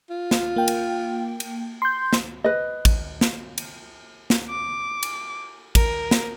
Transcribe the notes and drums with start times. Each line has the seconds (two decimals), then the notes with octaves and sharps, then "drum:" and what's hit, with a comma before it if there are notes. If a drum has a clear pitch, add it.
0.10 F4
0.31 drum: snare
0.56 A#3 G5
0.68 drum: cymbal
1.40 drum: cymbal
1.82 C6 G6
2.13 drum: snare
2.44 B4 D#5
2.85 drum: kick, cymbal
3.21 drum: snare
3.58 drum: cymbal
4.30 drum: snare
4.50 D6
5.03 drum: cymbal
5.75 A#4, drum: kick, cymbal
6.11 drum: snare